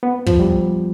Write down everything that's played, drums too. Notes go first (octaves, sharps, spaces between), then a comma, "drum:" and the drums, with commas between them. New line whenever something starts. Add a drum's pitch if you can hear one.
B3
F3, drum: kick
G3